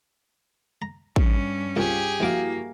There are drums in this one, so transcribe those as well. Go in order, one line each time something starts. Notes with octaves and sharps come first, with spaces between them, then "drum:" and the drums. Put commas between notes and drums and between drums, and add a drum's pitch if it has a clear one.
A#5
G2 C#4, drum: kick A1
C2 A#2 F4 G4 G#4
A#1 A#3 E4 F#4 F5 D6